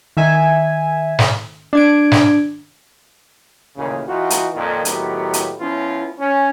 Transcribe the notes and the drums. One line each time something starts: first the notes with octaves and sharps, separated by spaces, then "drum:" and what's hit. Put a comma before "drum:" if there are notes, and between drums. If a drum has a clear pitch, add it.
D#3 E5 G#5
drum: snare
D4 G#6 D7
drum: snare
A1 D#2 A#2 C#3
E3 D#4 F4 F#4
drum: hi-hat
F2 A#2 D#3
A2 D#3 F#3 B3 G4, drum: hi-hat
drum: hi-hat
F3 B3 C#4 E4 F4
C#4